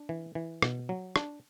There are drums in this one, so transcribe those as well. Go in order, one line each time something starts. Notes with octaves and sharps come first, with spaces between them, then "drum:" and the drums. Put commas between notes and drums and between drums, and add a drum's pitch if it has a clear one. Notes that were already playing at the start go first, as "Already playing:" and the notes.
Already playing: D4
E3
E3
B2, drum: rim click
F#3
D4, drum: rim click